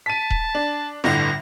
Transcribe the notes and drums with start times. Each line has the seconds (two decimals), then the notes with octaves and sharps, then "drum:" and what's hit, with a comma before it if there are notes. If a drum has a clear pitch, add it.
0.06 A5 B6 D#7
0.30 drum: kick D#1
0.55 D4
1.04 G1 A2 D3 A#6, drum: snare